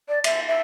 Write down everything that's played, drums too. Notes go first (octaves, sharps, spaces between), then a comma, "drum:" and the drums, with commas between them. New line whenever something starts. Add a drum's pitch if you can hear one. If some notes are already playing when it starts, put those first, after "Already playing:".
D5
E5, drum: cymbal
E5